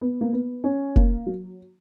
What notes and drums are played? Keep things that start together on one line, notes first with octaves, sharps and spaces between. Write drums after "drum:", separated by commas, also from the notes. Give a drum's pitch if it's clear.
B3
A#3
B3
C#4
A#3, drum: kick F1
F#3